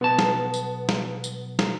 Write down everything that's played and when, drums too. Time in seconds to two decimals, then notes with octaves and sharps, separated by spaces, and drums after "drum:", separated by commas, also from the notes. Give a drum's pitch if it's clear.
0.01 B1 B3 A5
0.19 drum: snare
0.54 drum: tambourine
0.89 drum: snare
1.24 drum: tambourine
1.59 drum: snare